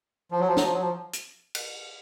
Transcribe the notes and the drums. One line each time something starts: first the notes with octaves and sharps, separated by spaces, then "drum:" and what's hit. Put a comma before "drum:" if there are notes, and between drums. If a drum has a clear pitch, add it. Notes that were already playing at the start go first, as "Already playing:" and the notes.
F3
F#3
F3
F#3, drum: snare
F3
F#3
F3
drum: hi-hat
drum: cymbal